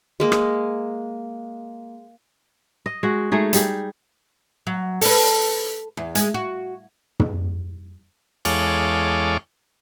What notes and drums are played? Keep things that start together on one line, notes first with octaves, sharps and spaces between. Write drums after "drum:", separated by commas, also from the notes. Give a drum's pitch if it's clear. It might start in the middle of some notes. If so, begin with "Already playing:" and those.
G#3 A#3 G#4
drum: rim click
D#5
G#3 F#4
G#3 A3 D#4 G#4
G3 G#4, drum: hi-hat
F#3
A4 B4, drum: open hi-hat
E2
G#3, drum: hi-hat
F#4
drum: tom
E2 G#3 A4 C#5 F5 D6, drum: cymbal